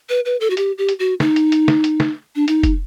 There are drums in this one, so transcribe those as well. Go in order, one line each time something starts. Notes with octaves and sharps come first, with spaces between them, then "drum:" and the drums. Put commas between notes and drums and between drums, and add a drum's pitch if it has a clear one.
B4
B4
A4
F#4
G4, drum: hi-hat
G4
drum: hi-hat
F#4
D#4, drum: snare
drum: hi-hat
drum: hi-hat
drum: snare
drum: hi-hat
drum: snare
D4
D#4, drum: hi-hat
drum: kick, hi-hat